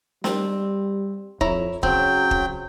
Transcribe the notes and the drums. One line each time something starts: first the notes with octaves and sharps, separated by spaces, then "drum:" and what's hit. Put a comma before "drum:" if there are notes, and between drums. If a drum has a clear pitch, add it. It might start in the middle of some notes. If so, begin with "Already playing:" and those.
G3 C4, drum: snare
F2 E4 C#5 A#5, drum: kick
C#3 F#3 C4 G5, drum: kick
drum: kick